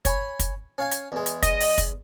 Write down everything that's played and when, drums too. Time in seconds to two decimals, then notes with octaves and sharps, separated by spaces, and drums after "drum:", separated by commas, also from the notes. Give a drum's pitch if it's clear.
0.05 C#5 G#5 B5, drum: kick, hi-hat
0.39 drum: kick, hi-hat
0.78 C#4 F5 G#5
0.91 drum: hi-hat
1.12 E2 G#3
1.26 drum: hi-hat
1.43 D#5, drum: kick, hi-hat
1.60 drum: open hi-hat
1.78 drum: kick, hi-hat